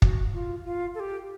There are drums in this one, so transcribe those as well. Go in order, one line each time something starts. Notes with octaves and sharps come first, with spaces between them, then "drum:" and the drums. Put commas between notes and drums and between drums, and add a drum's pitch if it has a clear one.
F#4, drum: kick
F4
F4
A4
G4